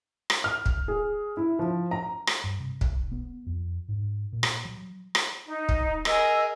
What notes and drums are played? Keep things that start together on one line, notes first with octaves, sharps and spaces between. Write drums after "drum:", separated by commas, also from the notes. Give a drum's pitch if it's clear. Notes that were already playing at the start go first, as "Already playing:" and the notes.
drum: rim click
F6
drum: kick
G#4
E4
F3
A#5
drum: rim click
G2
C3
drum: kick
B1
B3
F2
G#2
A#2
drum: rim click
F#3
drum: rim click
D#4
drum: kick
G#4 A#4 D#5 E6, drum: rim click